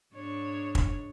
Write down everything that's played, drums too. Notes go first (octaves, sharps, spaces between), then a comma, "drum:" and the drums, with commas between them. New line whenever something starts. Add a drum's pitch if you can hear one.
G#2 D4 C#5
drum: kick